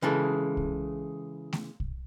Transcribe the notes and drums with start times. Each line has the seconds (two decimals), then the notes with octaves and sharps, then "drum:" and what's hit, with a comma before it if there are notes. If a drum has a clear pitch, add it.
0.02 C#3 E3 G#3 A4
0.57 drum: kick
1.53 drum: snare A3
1.80 drum: kick